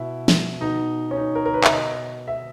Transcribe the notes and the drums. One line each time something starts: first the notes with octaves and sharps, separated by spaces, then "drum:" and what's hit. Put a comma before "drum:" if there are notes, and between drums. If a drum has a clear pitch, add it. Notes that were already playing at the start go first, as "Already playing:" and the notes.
Already playing: B2 E4
drum: snare
B2 D#4
C#4
D#4
A#4
A#4
B4
E5, drum: clap
B2 D#5
E5